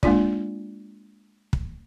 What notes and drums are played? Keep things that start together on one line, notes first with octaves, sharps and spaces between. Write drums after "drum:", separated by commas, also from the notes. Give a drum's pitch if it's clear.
G#3 A#3 D4 F4 D5, drum: kick
drum: kick